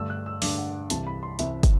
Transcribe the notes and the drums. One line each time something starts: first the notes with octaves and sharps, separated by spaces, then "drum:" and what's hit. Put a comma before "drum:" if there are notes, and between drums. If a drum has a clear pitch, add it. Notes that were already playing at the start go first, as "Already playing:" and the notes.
Already playing: G2 D3 A3 D4 E6
F#6
E6
G2 D3 A3 D4 D6, drum: open hi-hat
F#5
C2 C3 E3 A5, drum: hi-hat
B5
C6
C2 C3 E3 E5, drum: hi-hat
drum: kick, hi-hat